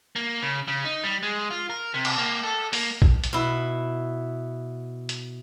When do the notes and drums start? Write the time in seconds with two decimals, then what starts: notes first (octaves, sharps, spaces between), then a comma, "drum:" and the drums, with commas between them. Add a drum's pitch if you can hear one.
0.16 A#3
0.42 C#3
0.68 C#3
0.84 D#4
1.04 G3
1.23 G#3
1.51 F4
1.70 A#4
1.94 C3
2.05 drum: cymbal
2.18 A#3
2.43 A4
2.73 A#3, drum: open hi-hat
3.02 drum: kick A#1
3.24 drum: hi-hat
3.33 B2 E4
5.09 drum: hi-hat